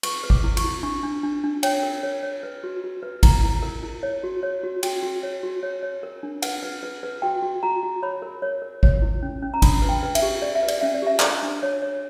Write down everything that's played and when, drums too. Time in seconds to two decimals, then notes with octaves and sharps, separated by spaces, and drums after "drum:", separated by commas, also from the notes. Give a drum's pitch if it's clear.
0.03 B4 C#6, drum: cymbal
0.24 B4
0.30 D6, drum: kick G#1
0.44 E4
0.57 C#6, drum: cymbal
0.64 E4
0.83 D4 C#6
1.03 D4
1.23 D4
1.44 D4
1.63 C#5 G5, drum: cymbal
1.83 A#4
2.03 C#5
2.23 C#5
2.43 B4
2.64 F#4
2.84 F#4
3.03 B4
3.23 E4 A#5, drum: kick G#1, cymbal
3.44 E4
3.63 A#4
3.83 E4
4.03 C#5
4.24 F#4
4.43 C#5
4.64 F#4
4.83 F#4 G5, drum: cymbal
5.03 F#4
5.23 C#5
5.43 F#4
5.63 C#5
5.83 C#5
6.03 A#4
6.23 D4
6.42 B4 F#5, drum: cymbal
6.63 B4
6.83 B4
7.03 B4
7.22 F#4 G5
7.42 F#4
7.63 F#4 A#5
7.83 F#4
8.03 C#5 B5
8.22 A#4
8.42 C#5
8.62 A#4
8.83 C#5, drum: kick G#1
9.02 E4
9.23 C#4
9.42 C#4
9.54 A#5
9.62 D4 B5, drum: kick G#1, cymbal
9.82 B4
9.89 G5
10.03 B4
10.15 E5, drum: cymbal
10.22 G4
10.42 G4 D5
10.55 E5
10.63 B4
10.68 D5, drum: cymbal
10.81 C#4 E5
10.94 D5
11.02 G4 E5
11.20 D4 D5, drum: clap
11.43 D4
11.63 C#5
11.82 C#5